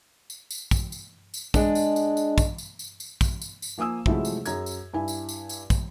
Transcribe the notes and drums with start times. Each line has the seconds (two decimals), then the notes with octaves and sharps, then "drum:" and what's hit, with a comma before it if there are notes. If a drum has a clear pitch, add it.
0.30 drum: tambourine
0.51 drum: tambourine
0.71 drum: kick, tambourine
0.92 drum: tambourine
1.34 drum: tambourine
1.54 G#3 D4, drum: kick, tambourine
1.75 drum: tambourine
1.96 drum: tambourine
2.17 drum: tambourine
2.38 drum: kick, tambourine
2.58 drum: tambourine
2.79 drum: tambourine
3.00 drum: tambourine
3.21 drum: kick, tambourine
3.42 drum: tambourine
3.62 drum: tambourine
3.77 F3 A#3 G#5 D#6 E6
4.06 C3 F3 F#3 G#3 A3 E4, drum: kick
4.25 drum: tambourine
4.46 F#2 G#4 A#5 G#6, drum: tambourine
4.66 drum: tambourine
4.93 G2 E4 G#5
5.08 drum: tambourine
5.29 drum: tambourine
5.49 drum: tambourine
5.70 drum: kick, tambourine